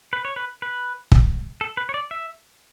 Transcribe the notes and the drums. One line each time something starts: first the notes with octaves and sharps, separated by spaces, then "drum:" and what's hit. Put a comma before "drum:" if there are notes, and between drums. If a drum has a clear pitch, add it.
B4
C#5
B4
B4
drum: kick
A4
B4
C#5
D5
E5